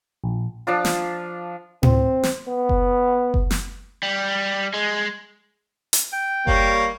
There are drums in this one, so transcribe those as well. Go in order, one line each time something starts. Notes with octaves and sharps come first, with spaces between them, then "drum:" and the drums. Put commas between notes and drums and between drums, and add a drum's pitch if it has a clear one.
A#1
F3 D4 F4
drum: snare
C4, drum: tom A2
drum: snare
B3
drum: kick F#1
drum: kick F#1
drum: snare
G3
G#3
drum: hi-hat
G5
G3 A#3 C#5, drum: kick F#1